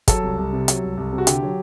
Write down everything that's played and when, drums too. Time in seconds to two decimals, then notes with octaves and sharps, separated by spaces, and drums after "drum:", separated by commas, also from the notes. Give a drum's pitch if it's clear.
0.08 F#3 A4, drum: kick, hi-hat
0.23 C2
0.38 C2
0.53 C3
0.68 F#3, drum: hi-hat
0.83 C2
0.97 C2
1.13 C3
1.18 F#4
1.27 D3 G4, drum: hi-hat
1.42 F#3